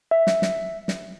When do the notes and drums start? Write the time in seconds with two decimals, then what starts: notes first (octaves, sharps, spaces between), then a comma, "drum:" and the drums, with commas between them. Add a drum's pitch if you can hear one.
0.11 E5
0.27 drum: snare
0.42 drum: snare
0.88 drum: snare